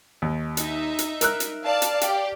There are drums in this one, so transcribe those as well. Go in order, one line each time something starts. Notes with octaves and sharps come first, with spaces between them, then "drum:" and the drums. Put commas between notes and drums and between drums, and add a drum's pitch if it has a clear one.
D#2
D#4 E5, drum: hi-hat
drum: hi-hat
A#4 E6 F#6, drum: hi-hat
drum: hi-hat
D5 F5 A5
drum: hi-hat
G4, drum: hi-hat